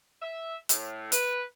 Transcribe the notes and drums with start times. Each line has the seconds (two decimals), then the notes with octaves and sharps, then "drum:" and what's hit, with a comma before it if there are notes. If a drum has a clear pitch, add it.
0.22 E5
0.69 A2, drum: hi-hat
1.12 B4, drum: hi-hat